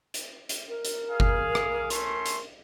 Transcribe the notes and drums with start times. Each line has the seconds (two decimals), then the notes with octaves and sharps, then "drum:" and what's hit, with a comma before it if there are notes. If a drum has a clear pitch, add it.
0.14 drum: hi-hat
0.49 drum: hi-hat
0.69 A#4
0.85 drum: hi-hat
1.09 G#4 F5
1.20 drum: kick G1
1.55 drum: rim click
1.90 A3 C#4 C6, drum: hi-hat
2.26 drum: hi-hat